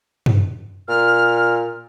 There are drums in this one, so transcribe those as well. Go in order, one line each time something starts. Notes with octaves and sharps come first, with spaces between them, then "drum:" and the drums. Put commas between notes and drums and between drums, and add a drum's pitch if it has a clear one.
drum: tom
A#2 F6